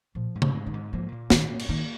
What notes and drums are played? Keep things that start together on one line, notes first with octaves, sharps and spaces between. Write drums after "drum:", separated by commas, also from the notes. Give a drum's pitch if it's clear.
A#2 F3
G#2
C3, drum: tom C#3
G#3
D#3
G#2
F3 A#3
A#2
A#2 D#3, drum: snare
A#3
drum: cymbal
D#3 A#3